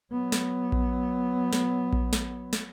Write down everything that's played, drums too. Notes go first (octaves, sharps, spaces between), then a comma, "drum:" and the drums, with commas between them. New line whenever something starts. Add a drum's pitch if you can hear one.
F#3 B3
drum: snare
drum: kick A#1
drum: snare
drum: kick A#1
drum: snare
drum: snare